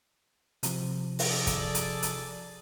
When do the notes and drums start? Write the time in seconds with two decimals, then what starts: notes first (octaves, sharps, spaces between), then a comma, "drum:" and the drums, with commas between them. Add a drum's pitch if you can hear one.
0.63 C3 F3, drum: hi-hat
1.19 drum: open hi-hat
1.29 G#4 A4 D5
1.47 drum: kick, hi-hat
1.75 drum: hi-hat
2.02 drum: hi-hat